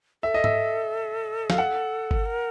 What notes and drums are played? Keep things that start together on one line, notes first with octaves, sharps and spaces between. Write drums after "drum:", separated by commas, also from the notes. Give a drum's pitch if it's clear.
A4 E5
D#5
E5, drum: tom G#2
F5, drum: snare
F#5
drum: kick G1
A#4